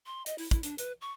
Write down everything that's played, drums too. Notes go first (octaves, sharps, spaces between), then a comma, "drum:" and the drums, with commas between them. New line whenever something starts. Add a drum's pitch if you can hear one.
C6
D#5, drum: hi-hat
E4, drum: open hi-hat
E4, drum: kick, hi-hat
D4, drum: hi-hat
B4, drum: hi-hat
C#6